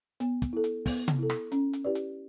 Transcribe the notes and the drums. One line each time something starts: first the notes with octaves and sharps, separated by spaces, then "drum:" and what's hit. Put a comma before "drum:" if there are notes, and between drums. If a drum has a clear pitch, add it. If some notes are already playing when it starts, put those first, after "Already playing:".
B3, drum: hi-hat
drum: kick, hi-hat
E4 A4
drum: hi-hat
B3, drum: kick, open hi-hat
drum: tom C3
E4 A4
drum: rim click
C#4, drum: hi-hat
drum: hi-hat
E4 G4 B4 D5
drum: hi-hat